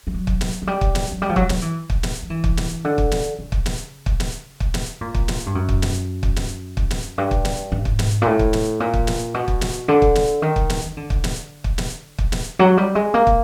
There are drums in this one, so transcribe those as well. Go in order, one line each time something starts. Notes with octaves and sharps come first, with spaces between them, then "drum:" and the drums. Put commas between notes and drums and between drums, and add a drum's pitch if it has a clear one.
F3
F#3
drum: kick
drum: snare
F#3
G3
drum: kick
drum: snare
F#3
G3
F3
F#3, drum: kick
F#3, drum: snare
E3
drum: kick
drum: snare
F3
E3
drum: kick
drum: snare
C#3
D3
drum: kick
drum: snare
C#3
drum: kick
drum: snare
drum: kick
drum: snare
drum: kick
drum: snare
A#2
drum: kick
drum: snare
G2
F#2
drum: kick
drum: snare
drum: kick
drum: snare
drum: kick
drum: snare
G2
drum: kick
drum: snare
G#2
drum: kick
drum: snare
A#2
A2
drum: kick
drum: snare
A#2
drum: kick
drum: snare
B2
drum: kick
drum: snare
D3
drum: kick
drum: snare
D#3
drum: kick
drum: snare
D#3
D3
drum: kick
drum: snare
drum: kick
drum: snare
drum: kick
drum: snare
F#3
G3
G#3
A#3
drum: kick